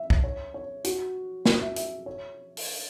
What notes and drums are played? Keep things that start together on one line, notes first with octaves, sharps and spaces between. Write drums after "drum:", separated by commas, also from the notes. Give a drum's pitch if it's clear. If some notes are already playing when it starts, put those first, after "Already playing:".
Already playing: E5
drum: kick B1
C#5
C#5
F#4, drum: hi-hat
F#4, drum: snare
E5
E5, drum: hi-hat
C#5
drum: open hi-hat